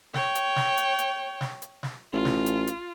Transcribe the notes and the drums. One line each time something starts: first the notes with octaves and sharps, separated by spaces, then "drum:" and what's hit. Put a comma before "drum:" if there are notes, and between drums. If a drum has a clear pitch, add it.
C#5 G5, drum: snare
drum: hi-hat
drum: snare
drum: hi-hat
drum: hi-hat
drum: snare
drum: hi-hat
drum: snare
A1 F4
drum: snare
drum: hi-hat
drum: hi-hat